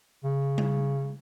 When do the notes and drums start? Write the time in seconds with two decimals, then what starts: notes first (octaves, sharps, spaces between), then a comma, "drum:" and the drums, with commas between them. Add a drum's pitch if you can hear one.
0.24 C#3
0.58 drum: tom G3